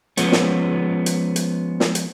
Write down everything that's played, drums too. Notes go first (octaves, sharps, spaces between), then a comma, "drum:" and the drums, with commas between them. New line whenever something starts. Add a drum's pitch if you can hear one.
F3 G#3 B3 C#4, drum: hi-hat
drum: snare
drum: hi-hat
drum: hi-hat
drum: snare
drum: hi-hat